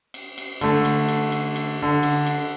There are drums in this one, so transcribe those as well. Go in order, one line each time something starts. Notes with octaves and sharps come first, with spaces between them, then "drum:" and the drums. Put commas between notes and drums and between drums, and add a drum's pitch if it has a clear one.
drum: cymbal
drum: cymbal
D3 A3, drum: cymbal
drum: cymbal
drum: cymbal
drum: cymbal
drum: cymbal
D3
drum: cymbal
drum: cymbal